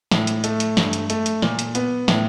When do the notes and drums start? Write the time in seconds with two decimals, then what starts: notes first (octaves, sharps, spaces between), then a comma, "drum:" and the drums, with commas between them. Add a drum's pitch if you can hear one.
0.11 A2, drum: snare
0.27 drum: hi-hat
0.44 A3, drum: hi-hat
0.60 drum: hi-hat
0.77 G2, drum: snare
0.93 drum: hi-hat
1.10 A3, drum: hi-hat
1.26 drum: hi-hat
1.42 A#2, drum: snare
1.59 drum: hi-hat
1.75 B3, drum: hi-hat
2.08 A2, drum: snare